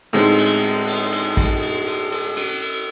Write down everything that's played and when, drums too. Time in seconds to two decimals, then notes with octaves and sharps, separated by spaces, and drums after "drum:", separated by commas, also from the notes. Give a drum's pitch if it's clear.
0.13 A2 D3 G#3 B3 C4 D#4, drum: cymbal
0.38 drum: cymbal
0.63 drum: cymbal
0.88 drum: cymbal
1.12 drum: cymbal
1.37 drum: kick, cymbal
1.62 drum: cymbal
1.87 drum: cymbal
2.12 drum: cymbal
2.37 drum: cymbal
2.62 drum: cymbal